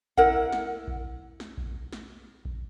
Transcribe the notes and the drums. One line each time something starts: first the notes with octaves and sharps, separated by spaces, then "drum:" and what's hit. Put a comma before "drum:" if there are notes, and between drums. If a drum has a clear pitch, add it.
E4 A#4 F#5, drum: kick A#1
drum: snare
drum: kick A#1
drum: snare
drum: kick A#1
drum: snare
drum: kick A#1